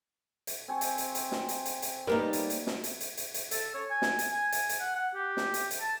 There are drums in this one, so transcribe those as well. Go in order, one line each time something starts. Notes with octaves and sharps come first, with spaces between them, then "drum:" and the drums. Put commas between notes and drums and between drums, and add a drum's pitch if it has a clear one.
drum: hi-hat
C4 G#5 C#6
drum: hi-hat
drum: hi-hat
drum: hi-hat
drum: snare
drum: hi-hat
drum: hi-hat
drum: hi-hat
G3 A#3 D#4 A#4 B4
drum: hi-hat
drum: hi-hat
drum: snare
drum: hi-hat
drum: hi-hat
drum: hi-hat
drum: hi-hat
A4, drum: hi-hat
C#5
G#5
drum: snare
drum: hi-hat
G#5
drum: hi-hat
drum: hi-hat
F#5
F#5
G4
drum: snare
drum: hi-hat
drum: hi-hat
A5